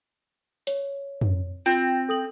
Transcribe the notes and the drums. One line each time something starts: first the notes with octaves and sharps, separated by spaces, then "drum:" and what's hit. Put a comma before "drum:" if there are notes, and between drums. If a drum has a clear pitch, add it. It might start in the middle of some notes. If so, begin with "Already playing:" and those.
C#5, drum: hi-hat
drum: tom
C4 F4
A4 D#6 F#7